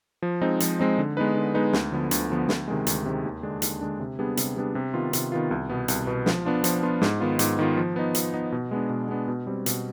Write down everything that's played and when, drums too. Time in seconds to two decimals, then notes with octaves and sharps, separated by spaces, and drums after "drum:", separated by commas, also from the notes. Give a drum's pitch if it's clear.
0.22 F3
0.42 G#3 C4 D#4
0.60 F3, drum: hi-hat
0.79 G#3 C4 D#4
0.98 D3
1.17 G#3 B3 D#4 B4
1.36 D3
1.54 G#3 B3 D#4 B4
1.73 D2, drum: snare
1.92 D3 F3 B3
2.11 D2, drum: hi-hat
2.30 D3 F3 B3
2.49 D2, drum: snare
2.68 C3 D#3 G#3
2.87 D2, drum: hi-hat
3.05 C3 D#3 G#3
3.24 D#2
3.43 D3 G#3 D4
3.62 D#2, drum: hi-hat
3.81 D3 G#3 D4
4.00 C3
4.19 G3 B3 D4 G#4
4.37 C3, drum: hi-hat
4.56 G3 B3 D4 G#4
4.75 C3
4.94 D#3 B3 F4
5.13 C3, drum: hi-hat
5.32 D#3 B3 F4
5.51 C2
5.70 B2 B3
5.88 C2, drum: hi-hat
6.07 B2 B3
6.26 F3, drum: snare
6.45 B3 D4 F4
6.64 F3, drum: hi-hat
6.83 B3 D4 F4
7.01 G#2, drum: snare
7.20 D#3 B3 F4
7.39 G#2, drum: hi-hat
7.59 D#3 B3 F4
7.77 F3
7.96 B3 D#4
8.15 F3, drum: hi-hat
8.34 B3 D#4
8.52 B2
8.71 G#3 B3 D4
8.90 B2
9.09 G#3 B3 D4
9.28 B2
9.47 G3 C4
9.66 B2, drum: hi-hat